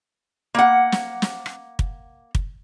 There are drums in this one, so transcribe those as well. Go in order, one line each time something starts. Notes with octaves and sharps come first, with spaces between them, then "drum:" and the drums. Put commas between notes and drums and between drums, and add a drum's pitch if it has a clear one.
A#3 F#5
drum: snare
drum: snare
drum: rim click
drum: kick
drum: kick